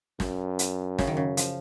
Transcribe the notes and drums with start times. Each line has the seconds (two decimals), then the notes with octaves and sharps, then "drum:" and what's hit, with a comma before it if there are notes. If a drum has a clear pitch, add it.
0.20 F#2, drum: snare
0.59 drum: hi-hat
0.99 C#3, drum: snare
1.07 D#3
1.17 C#3
1.37 F3, drum: hi-hat